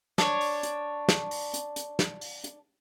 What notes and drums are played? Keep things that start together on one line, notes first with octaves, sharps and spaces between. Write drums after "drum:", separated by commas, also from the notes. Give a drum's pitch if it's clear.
D4 C#5, drum: snare
drum: open hi-hat
drum: hi-hat
drum: snare
drum: open hi-hat
drum: hi-hat
drum: hi-hat
drum: snare
drum: open hi-hat
drum: hi-hat